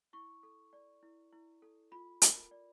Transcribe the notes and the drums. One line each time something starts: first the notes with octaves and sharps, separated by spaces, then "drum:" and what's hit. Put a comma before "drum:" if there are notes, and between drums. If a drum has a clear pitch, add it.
E4 C#6
A4
D5
E4
E4
A4
F4 B5
A#4, drum: hi-hat
D5